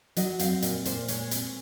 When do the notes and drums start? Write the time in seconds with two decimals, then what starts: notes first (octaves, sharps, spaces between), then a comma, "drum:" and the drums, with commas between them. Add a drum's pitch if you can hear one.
0.16 F#3 D#5, drum: hi-hat
0.39 C4 F5, drum: hi-hat
0.62 A#2 D#5, drum: hi-hat
0.85 A#2 C5, drum: hi-hat
1.08 G#3 C#5, drum: hi-hat
1.31 C4, drum: hi-hat